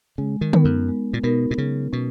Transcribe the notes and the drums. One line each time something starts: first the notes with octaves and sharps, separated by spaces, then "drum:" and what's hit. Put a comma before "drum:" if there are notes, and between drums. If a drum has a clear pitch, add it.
C#3 G#3
D#3
B3 D#4 A#4, drum: tom D3
F#2
G#3
A#2
B2 B3 D#4 A#4
B2
C#3 F#3
B2 C#4